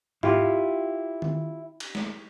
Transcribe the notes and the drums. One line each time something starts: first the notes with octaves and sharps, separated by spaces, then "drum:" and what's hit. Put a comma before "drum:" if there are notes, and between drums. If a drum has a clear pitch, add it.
E4 F4 G4, drum: tom G#2
drum: tom D#3
drum: cymbal
drum: snare